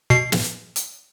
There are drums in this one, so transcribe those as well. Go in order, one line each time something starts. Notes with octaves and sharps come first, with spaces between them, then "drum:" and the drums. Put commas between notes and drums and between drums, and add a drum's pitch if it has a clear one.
B2 C7
drum: snare
drum: hi-hat